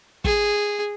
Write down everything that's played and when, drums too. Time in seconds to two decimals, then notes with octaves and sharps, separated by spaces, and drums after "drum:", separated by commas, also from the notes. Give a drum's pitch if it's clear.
0.24 G#4, drum: kick